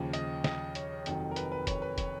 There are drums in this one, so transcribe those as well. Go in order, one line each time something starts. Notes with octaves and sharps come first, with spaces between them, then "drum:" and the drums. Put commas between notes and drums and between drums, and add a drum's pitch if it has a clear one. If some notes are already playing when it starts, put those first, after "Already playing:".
Already playing: D#2 C#3 F3
D#5, drum: hi-hat
D#5, drum: snare
C#5, drum: hi-hat
F1 F2 D#3 F#3, drum: hi-hat
A#4
B4, drum: hi-hat
B4
C#5, drum: kick, hi-hat
B4
C#5, drum: kick, hi-hat